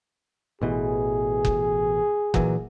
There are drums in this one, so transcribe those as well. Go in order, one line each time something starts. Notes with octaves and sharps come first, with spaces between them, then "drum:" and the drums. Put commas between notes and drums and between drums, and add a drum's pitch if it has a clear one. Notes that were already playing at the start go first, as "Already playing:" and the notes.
A1 B2 E3 G#4
drum: kick F#1
A#2 E3 F#3, drum: kick F#1